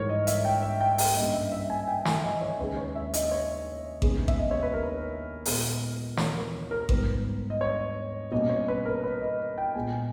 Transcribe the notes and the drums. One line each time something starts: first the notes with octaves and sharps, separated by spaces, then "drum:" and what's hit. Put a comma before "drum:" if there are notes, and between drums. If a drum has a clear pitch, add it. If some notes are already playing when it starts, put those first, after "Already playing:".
Already playing: G#2 E3 G3 A#4 C#5
D#5
E5, drum: hi-hat
G5
E5
G5
G5, drum: open hi-hat
G2 G3 A#3 C#4 D#5
E5
E5
G#5
G5
E5, drum: snare
D#5
C#5
D#2 C#3 G#3 B4
C#5
E5
D#5, drum: hi-hat
C#5
D#2 C#3 G#3 B3, drum: kick A1
E5, drum: kick A1
D#5
C#5
B4
A#4
A#2 G#3 B3, drum: open hi-hat
C#5, drum: snare
A#4
A#4
G#2 G3 B3 B4, drum: kick A1
D#5
C#5
B2 G3 A#3 C#4 D#5
C#5
B4
A#4
B4
D#5
G5
A#2 G#3 B3 G#5